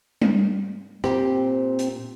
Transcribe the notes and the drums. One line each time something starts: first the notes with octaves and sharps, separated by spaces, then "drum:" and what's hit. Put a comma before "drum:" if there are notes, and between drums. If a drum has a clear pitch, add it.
drum: tom G3
A#2 C4 G4, drum: rim click
drum: hi-hat